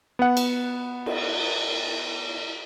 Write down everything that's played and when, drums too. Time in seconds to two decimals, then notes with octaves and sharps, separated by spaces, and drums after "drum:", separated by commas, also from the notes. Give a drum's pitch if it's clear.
0.19 B3 F#5
0.37 drum: cymbal
1.06 drum: cymbal